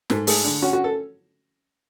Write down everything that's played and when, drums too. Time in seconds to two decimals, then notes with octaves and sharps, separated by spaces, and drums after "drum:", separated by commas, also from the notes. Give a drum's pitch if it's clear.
0.10 G#2 A4, drum: snare
0.27 A3 G#4, drum: open hi-hat
0.44 D3
0.62 C#4 F#4
0.73 F#4
0.84 A4